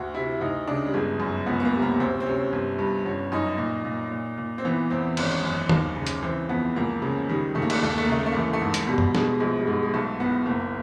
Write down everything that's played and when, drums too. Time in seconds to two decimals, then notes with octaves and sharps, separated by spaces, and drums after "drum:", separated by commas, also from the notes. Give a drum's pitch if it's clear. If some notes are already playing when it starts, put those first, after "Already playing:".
Already playing: D2 F#4
0.14 C3 E4
0.41 D2 D#4
0.67 C#3 D4
0.86 G3
0.93 G1 G#3
1.20 F#2
1.46 C#2 B3
1.60 B3
1.65 A#3
1.74 C3
1.82 A#3
2.00 D2 C4
2.20 C4
2.26 C3 C#4
2.53 G1
2.79 G2
3.06 G1 C#4
3.32 F#2 D#4
3.58 A#2
3.85 A#2
4.11 A#2
4.38 A#2
4.58 C4
4.65 E3 B3
4.90 E2 C4
5.17 G#1 C#4, drum: cymbal
5.43 F#2
5.69 D#2, drum: tom
5.96 C#3
6.07 drum: hi-hat
6.23 E3 C4
6.49 F2 B3
6.76 C#2 A#3
7.02 C#3
7.29 D#3 G3
7.55 D#3 A3
7.62 A#3
7.70 A3, drum: cymbal
7.76 A#3
7.82 D#2 A3
7.91 A#3
7.98 A3
8.05 A#3
8.08 C#3 A3
8.19 A#3
8.26 A3
8.32 A#3
8.35 A1
8.40 A3
8.47 A#3
8.53 A3
8.61 G#2
8.74 drum: hi-hat
8.87 B2 G3
8.98 drum: tom
9.15 B2 G#3, drum: snare
9.40 A#1 G#3
9.58 G3
9.67 G#2 G#3
9.83 G#3
9.94 B1 A3
10.20 A2 B3
10.46 F#1 A#3